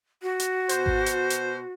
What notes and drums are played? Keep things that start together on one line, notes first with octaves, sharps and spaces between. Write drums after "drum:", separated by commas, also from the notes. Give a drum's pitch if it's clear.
F#4
drum: hi-hat
B2 C5, drum: hi-hat
drum: kick G#1
drum: hi-hat
drum: hi-hat